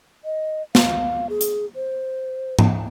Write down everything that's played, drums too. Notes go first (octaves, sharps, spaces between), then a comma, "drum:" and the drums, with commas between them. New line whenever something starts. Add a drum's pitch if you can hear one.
D#5
F5, drum: snare
G#4
drum: hi-hat
C5
drum: tom G#2